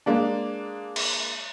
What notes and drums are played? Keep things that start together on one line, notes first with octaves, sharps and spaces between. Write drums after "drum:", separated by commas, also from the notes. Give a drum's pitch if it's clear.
G#3 A#3 D4
drum: cymbal